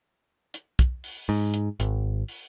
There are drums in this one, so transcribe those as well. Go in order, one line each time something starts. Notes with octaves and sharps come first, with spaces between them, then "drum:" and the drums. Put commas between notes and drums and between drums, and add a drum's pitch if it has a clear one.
drum: hi-hat
drum: kick, hi-hat
drum: open hi-hat
G#2, drum: open hi-hat
drum: hi-hat
G#1, drum: hi-hat
drum: open hi-hat